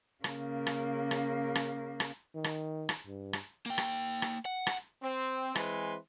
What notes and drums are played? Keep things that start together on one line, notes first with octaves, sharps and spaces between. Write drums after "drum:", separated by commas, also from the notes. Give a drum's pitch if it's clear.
C#3 A#3, drum: rim click
drum: rim click
drum: rim click
drum: rim click
drum: rim click
D#3
drum: rim click
drum: rim click
G2
drum: rim click
A#3 G5
drum: rim click
drum: rim click
F#5
drum: rim click
C4
E3 G#3 C4 B4 C6, drum: rim click